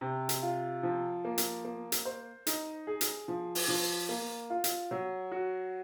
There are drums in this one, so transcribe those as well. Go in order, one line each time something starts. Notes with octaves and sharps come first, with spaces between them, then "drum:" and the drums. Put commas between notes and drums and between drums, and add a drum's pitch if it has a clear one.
C3
drum: hi-hat
F4
F3
A#3
drum: hi-hat
A#3
drum: hi-hat
C5
D#4, drum: hi-hat
G#4
drum: hi-hat
F3
drum: open hi-hat
F3
A#3
F4
drum: hi-hat
F#3
F#4